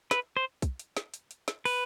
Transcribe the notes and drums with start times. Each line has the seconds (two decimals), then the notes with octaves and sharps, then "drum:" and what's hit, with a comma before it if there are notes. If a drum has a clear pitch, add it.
0.11 B4, drum: snare
0.37 C5
0.62 drum: kick, hi-hat
0.79 drum: hi-hat
0.97 drum: snare
1.14 drum: hi-hat
1.31 drum: hi-hat
1.48 drum: snare
1.65 B4, drum: open hi-hat